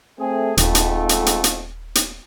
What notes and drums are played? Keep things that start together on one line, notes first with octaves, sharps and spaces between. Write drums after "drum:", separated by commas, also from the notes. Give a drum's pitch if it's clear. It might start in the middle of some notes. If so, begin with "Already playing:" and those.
A3 C4 G#4
D#1 F2 G#2 A3, drum: hi-hat
drum: hi-hat
drum: hi-hat
drum: hi-hat
drum: hi-hat
drum: hi-hat